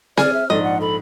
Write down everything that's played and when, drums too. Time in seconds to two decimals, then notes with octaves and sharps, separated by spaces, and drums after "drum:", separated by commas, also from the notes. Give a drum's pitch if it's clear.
0.17 G#4 D5 G#5 F6, drum: snare C4
0.33 E5
0.50 A#1 G#2 A4 D5 D#5
0.63 F#5
0.81 A4 B5